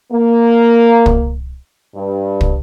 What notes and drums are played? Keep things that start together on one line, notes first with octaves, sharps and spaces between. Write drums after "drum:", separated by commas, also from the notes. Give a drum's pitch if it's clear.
A#3
drum: kick
G2
drum: kick